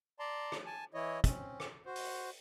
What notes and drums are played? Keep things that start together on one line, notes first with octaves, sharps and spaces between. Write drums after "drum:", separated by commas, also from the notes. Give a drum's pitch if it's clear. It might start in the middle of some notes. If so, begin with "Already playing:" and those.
D5 A5 A#5 C6
drum: rim click
G#5 A5
E3 E4 C#5 D#5
C4 C#4, drum: kick, hi-hat
drum: rim click
F#4 C5
drum: open hi-hat